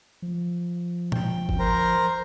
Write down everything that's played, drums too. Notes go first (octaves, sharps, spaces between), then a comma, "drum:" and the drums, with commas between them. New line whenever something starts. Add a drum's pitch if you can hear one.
F3
G5, drum: tom A#2
drum: kick
A#4 C5 A#5